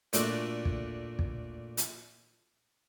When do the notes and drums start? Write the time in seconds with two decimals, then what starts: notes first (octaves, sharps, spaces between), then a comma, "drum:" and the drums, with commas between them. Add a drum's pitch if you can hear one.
0.13 A#2 A3 D4 F#4, drum: hi-hat
0.65 drum: kick
1.19 drum: kick
1.77 drum: hi-hat